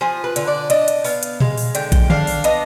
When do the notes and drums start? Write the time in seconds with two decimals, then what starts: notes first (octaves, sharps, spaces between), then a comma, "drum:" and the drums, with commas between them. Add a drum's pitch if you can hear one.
0.01 F3 G#4
0.24 B4
0.36 D3, drum: hi-hat
0.47 D5
0.70 D4 D#5, drum: hi-hat
0.88 drum: hi-hat
1.04 B3 F5, drum: open hi-hat
1.23 drum: hi-hat
1.40 G#3 F5, drum: tom A#2
1.58 drum: open hi-hat
1.75 D3 G5, drum: hi-hat
1.92 G5, drum: kick A#1, hi-hat
2.10 D4 F5, drum: tom D3
2.27 drum: open hi-hat
2.44 B3 D#5, drum: hi-hat